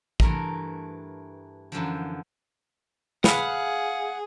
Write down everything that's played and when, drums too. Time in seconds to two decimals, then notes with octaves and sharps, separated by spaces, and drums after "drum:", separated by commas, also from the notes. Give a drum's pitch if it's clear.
0.20 G2 E3 A3 A#4 A#5, drum: kick
1.72 F#2 D3 E3 F3
3.24 G#4 B4 F5 F#5, drum: snare